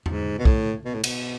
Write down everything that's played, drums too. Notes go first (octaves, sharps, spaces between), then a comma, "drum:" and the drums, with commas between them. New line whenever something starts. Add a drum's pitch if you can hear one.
G#2, drum: tom E2
B2
A2, drum: kick
B2
A2
B2, drum: cymbal